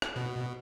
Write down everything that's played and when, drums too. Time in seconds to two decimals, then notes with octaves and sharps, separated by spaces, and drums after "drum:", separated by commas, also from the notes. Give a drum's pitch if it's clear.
0.02 drum: rim click
0.16 B2